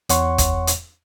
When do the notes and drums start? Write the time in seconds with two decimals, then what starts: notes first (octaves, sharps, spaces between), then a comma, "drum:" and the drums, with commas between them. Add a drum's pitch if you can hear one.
0.09 E2 C#5 F#5 C6 C#6, drum: hi-hat
0.38 drum: kick, hi-hat
0.67 drum: hi-hat